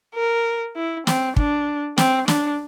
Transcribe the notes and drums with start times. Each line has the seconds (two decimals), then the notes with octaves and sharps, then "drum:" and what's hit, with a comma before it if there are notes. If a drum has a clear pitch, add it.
0.15 A#4
0.76 E4
1.07 C4, drum: snare
1.36 D4, drum: kick
1.98 C4, drum: snare
2.28 D4, drum: snare